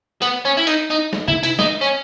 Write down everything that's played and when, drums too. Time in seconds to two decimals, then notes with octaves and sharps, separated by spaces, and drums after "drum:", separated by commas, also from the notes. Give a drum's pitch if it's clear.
0.22 B3, drum: hi-hat
0.45 C#4
0.57 E4
0.67 D#4, drum: hi-hat
0.90 D#4
1.13 drum: snare
1.28 E4, drum: tom C3
1.43 E4, drum: hi-hat
1.59 D#4, drum: snare
1.81 C#4